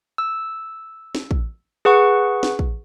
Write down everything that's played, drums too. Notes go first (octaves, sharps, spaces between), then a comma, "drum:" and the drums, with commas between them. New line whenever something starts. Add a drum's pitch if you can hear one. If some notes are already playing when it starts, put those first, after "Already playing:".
E6
drum: snare
drum: kick
G#4 B4 F#5 C#6
drum: snare
drum: kick